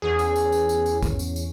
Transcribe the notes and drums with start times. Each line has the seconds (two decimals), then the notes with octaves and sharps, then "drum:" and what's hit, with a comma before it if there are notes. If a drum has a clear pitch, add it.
0.02 E2 C#4 G#4
0.19 drum: tambourine
0.36 drum: tambourine
0.52 drum: tambourine
0.69 drum: tambourine
0.86 drum: tambourine
1.03 drum: kick, tambourine
1.19 drum: tambourine
1.36 drum: tambourine